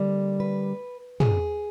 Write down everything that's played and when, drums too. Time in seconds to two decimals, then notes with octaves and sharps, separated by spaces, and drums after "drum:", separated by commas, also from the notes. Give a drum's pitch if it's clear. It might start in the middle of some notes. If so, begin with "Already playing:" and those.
Already playing: D3 G3 A#3
0.40 B4
1.20 G#4, drum: tom